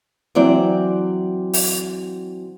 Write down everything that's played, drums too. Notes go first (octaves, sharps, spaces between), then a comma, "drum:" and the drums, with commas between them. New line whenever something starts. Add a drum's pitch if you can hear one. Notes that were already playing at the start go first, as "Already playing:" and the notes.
E3 F#3 C4 D5
drum: open hi-hat